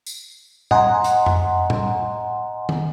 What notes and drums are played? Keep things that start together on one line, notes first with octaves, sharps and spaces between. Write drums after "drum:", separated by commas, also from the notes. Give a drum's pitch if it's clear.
drum: tambourine
D#5 F#5 G#5 A#5 C6, drum: tom A2
drum: hi-hat
drum: tom F2
drum: tom A2
drum: tom